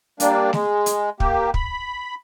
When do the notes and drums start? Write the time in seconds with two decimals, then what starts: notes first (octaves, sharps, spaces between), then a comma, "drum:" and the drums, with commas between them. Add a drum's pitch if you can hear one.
0.20 G3 A#3 D4, drum: hi-hat
0.53 G#3, drum: snare
0.86 drum: hi-hat
1.20 A#3 G4, drum: kick
1.54 B5, drum: kick